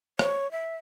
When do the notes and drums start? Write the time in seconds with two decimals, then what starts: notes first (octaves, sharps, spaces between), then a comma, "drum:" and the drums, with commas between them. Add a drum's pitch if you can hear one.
0.19 C#5, drum: rim click
0.52 E5